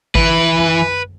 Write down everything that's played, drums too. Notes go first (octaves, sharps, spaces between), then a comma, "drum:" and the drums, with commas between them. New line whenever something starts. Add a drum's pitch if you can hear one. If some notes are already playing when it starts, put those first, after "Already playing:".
E3 B4, drum: kick G#1
drum: tom F#2